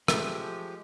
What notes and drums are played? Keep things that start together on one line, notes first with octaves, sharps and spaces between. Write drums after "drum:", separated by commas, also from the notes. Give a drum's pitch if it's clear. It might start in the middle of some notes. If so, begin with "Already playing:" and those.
F3 G#3 A3 G4, drum: rim click